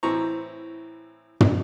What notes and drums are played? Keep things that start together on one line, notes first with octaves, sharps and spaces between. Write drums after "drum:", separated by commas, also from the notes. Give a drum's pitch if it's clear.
A2 E3 C4 A#5 C#6
drum: tom